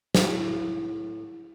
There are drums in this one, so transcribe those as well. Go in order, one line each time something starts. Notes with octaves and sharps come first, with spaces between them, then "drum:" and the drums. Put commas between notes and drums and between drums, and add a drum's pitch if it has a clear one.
A2, drum: snare